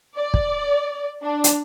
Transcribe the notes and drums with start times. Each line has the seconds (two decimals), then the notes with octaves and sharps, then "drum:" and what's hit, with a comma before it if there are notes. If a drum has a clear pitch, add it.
0.17 D5
0.34 drum: kick
1.23 D4
1.44 drum: hi-hat